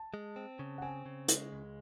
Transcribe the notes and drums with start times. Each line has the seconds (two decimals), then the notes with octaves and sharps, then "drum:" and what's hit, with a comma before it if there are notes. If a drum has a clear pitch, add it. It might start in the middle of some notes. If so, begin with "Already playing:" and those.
Already playing: A5
0.14 G#3
0.36 C4
0.59 C#3
0.78 F#5
0.82 C4 G#5
1.06 C#3
1.28 G#3, drum: hi-hat
1.52 C#2